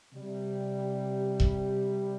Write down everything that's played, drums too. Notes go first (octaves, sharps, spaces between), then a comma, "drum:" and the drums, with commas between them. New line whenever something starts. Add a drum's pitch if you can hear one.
C3 G3
drum: kick E1